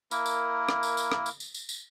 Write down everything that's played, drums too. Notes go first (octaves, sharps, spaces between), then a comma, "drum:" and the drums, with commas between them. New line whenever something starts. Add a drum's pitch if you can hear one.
A#3 E4 A#4, drum: tambourine
drum: tambourine
drum: rim click
drum: tambourine
drum: tambourine
drum: rim click
drum: tambourine
drum: tambourine
drum: tambourine
drum: tambourine